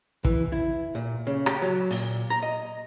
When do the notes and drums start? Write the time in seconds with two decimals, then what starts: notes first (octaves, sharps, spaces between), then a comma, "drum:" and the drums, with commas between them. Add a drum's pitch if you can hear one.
0.25 E3, drum: kick
0.52 E4
0.95 A#2
1.27 C#3
1.46 G4, drum: rim click
1.62 F#3
1.91 A#2, drum: open hi-hat
2.30 A#5
2.43 D#5